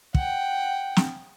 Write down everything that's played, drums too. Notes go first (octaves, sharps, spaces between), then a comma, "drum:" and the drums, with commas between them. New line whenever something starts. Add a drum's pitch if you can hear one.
F#5 G5, drum: kick
drum: snare